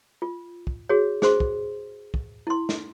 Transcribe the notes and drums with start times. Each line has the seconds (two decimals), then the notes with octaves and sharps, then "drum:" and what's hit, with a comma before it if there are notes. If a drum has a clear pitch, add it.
0.22 F4
0.67 drum: kick
0.89 F#4 G#4 C#5
1.22 G#4 C5 C6, drum: snare
1.40 drum: kick
2.14 drum: kick
2.47 E4 C6
2.69 drum: snare